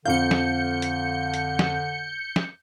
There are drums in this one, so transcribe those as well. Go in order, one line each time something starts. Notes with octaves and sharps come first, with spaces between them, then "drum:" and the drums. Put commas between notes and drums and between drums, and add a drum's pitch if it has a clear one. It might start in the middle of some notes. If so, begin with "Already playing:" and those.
F2 D3 F5 G6 C#7
drum: snare
drum: hi-hat
drum: hi-hat
drum: snare
drum: snare